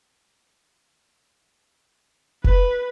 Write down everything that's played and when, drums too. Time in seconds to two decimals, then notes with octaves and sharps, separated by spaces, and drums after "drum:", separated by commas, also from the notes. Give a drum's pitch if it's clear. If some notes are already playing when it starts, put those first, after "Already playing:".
2.44 B4, drum: kick F1